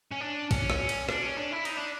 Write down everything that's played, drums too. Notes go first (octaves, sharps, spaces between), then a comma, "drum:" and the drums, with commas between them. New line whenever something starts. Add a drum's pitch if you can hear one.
C#4
D4
C#4, drum: kick, cymbal
drum: rim click
drum: cymbal
D4, drum: rim click
C#4
D4
E4
D#4, drum: cymbal
D4